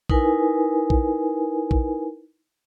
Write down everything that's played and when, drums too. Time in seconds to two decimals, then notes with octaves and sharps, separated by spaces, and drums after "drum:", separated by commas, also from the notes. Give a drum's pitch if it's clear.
0.10 D#4 E4 A#4 B4 G#5, drum: kick A#1
0.90 drum: kick A#1
1.71 drum: kick A#1